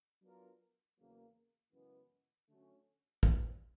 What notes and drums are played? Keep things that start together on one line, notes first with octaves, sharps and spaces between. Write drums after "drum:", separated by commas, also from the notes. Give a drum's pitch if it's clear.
F#3 B3 D4 F4 A#4
E2 C#3 F#3 A#3
F#2 C#3 E3 G#3 B3
D3 F#3 A3 C#4
E3 G3 C4, drum: kick